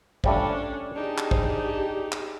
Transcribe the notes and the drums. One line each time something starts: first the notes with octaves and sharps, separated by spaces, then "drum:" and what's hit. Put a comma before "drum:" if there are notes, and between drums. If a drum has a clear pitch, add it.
F3 G3 A3 C#4 D4, drum: kick
D4 D#4 G4 G#4
drum: clap
C5, drum: kick
drum: clap